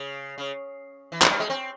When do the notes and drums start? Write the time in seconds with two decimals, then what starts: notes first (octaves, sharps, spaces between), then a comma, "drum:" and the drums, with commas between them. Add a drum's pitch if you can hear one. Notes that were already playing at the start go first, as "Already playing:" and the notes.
Already playing: C#3
0.38 C#3
1.12 E3
1.22 F3, drum: clap
1.30 G3
1.40 G#3
1.50 C4